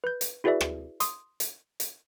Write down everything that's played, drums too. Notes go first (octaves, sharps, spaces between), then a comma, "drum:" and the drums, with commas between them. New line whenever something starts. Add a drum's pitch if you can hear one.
B4 G6
drum: hi-hat
E4 F#4 G#4 B4 D5 E5
drum: rim click
C6 D#6, drum: hi-hat
drum: hi-hat
drum: hi-hat